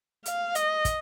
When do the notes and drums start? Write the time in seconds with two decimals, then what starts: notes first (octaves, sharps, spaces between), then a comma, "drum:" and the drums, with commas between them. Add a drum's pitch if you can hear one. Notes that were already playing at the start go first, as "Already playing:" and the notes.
0.26 F5, drum: hi-hat
0.55 D#5, drum: hi-hat
0.85 drum: kick, hi-hat